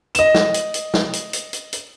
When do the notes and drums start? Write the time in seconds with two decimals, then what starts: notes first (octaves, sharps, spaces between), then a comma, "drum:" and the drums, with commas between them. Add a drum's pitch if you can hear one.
0.15 D#5 E7, drum: hi-hat
0.34 drum: snare
0.54 drum: hi-hat
0.74 drum: hi-hat
0.94 drum: snare
1.13 drum: hi-hat
1.33 drum: hi-hat
1.53 drum: hi-hat
1.73 drum: hi-hat